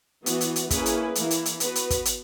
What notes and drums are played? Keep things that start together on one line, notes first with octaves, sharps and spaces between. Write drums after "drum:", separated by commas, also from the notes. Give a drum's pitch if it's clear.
E3 B3 F#4, drum: hi-hat
drum: hi-hat
drum: hi-hat
A#3 C#4 E4 G#4 B4, drum: kick, hi-hat
drum: hi-hat
E3 A#3 E4, drum: hi-hat
drum: hi-hat
drum: hi-hat
B3 F#4 B4, drum: hi-hat
drum: hi-hat
drum: kick, hi-hat
drum: hi-hat